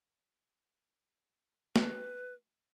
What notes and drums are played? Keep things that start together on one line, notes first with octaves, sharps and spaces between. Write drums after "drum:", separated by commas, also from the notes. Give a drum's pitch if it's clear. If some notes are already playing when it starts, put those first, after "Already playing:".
B4, drum: snare